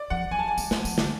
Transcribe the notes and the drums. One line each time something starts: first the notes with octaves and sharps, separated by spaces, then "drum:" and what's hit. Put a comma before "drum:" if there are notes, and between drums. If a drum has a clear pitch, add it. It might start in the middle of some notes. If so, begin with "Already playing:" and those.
Already playing: D5
F3 F#5
F#3 G#5
A5
G#5
G#3, drum: tambourine
G#3, drum: snare
F3, drum: tambourine
D3, drum: snare